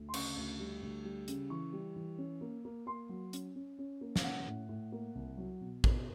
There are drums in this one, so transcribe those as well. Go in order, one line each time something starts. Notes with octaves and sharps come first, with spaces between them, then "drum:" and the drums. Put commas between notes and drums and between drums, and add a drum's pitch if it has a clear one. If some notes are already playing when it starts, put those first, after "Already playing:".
Already playing: D2
C6
C#3 C#6, drum: cymbal
D2
G3
D2
G3
C#3, drum: hi-hat
E3 C#6
G3
E3
C#4
A#3
A#3
A#3 C6
F#3
C#4, drum: hi-hat
C#4
C#4
A#3
F5, drum: snare
C#4 F#5
A2
A2
A#3
C2
F#3
B2
B2, drum: kick